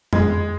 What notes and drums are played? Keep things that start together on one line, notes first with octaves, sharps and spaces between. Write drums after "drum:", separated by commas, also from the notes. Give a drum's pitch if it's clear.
G#3, drum: tom F2